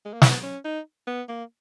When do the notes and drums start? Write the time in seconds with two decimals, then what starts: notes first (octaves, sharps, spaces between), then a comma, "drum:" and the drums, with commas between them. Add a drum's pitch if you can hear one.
0.05 G#3
0.13 A#3
0.22 B3, drum: snare
0.43 C#4
0.65 D#4
1.07 B3
1.29 A#3